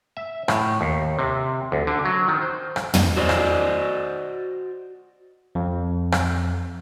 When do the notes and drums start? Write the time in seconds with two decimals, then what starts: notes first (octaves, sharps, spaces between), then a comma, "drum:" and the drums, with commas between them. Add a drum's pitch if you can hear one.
0.17 E5
0.48 A2, drum: rim click
0.81 D#2
1.19 C3
1.72 D2
1.87 D3
2.05 F#3
2.28 D#3
2.42 C5
2.76 drum: rim click
2.94 drum: tom
3.16 F#4 C5 D5 D#5
3.29 drum: rim click
5.55 F2
6.12 drum: rim click